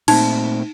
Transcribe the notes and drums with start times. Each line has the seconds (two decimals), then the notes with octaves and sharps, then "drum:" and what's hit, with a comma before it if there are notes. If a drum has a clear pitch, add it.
0.08 A#2 A3 C4 D#4, drum: cymbal